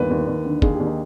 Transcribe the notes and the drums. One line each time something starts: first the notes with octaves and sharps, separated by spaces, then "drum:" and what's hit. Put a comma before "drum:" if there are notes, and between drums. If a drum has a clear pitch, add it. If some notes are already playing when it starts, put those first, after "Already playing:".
Already playing: G1 D#2 B4
D#2
D#2
D3
D#2 G#4, drum: kick
G4
D#2
D#4